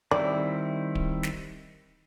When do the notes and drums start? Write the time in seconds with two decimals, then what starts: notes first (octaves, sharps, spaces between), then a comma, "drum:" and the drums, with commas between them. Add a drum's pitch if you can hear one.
0.11 D#3 G3 C4 E4 D5
0.95 drum: kick D1
1.23 drum: snare